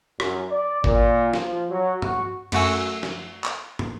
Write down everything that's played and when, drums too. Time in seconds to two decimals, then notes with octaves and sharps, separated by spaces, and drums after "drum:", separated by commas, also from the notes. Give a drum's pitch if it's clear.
0.20 F#2, drum: rim click
0.50 D5
0.84 A#2, drum: kick G#1
1.34 F3, drum: snare
1.70 F#3
2.02 F#4, drum: tom
2.52 F#2 A3 F#4 F#5 G#5 E6, drum: cymbal
3.03 drum: snare
3.44 drum: clap
3.79 drum: tom